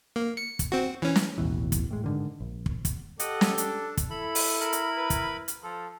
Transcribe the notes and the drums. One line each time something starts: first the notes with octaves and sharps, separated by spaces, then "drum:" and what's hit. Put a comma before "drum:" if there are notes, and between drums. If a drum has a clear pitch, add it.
A#3
C#7
drum: kick, hi-hat
C4 F#4
E3 C#4
drum: snare
A1 D#2 B2 E3
drum: kick, hi-hat
A2 G#3
G#2 D3 D#3
A#1
drum: kick
drum: kick, hi-hat
G4 A4 D#5 F#5, drum: hi-hat
drum: snare
D4, drum: hi-hat
drum: kick, hi-hat
E4 A4 B5
drum: open hi-hat
A#4 B5
drum: hi-hat
B4
drum: kick, hi-hat
drum: hi-hat
F3 A4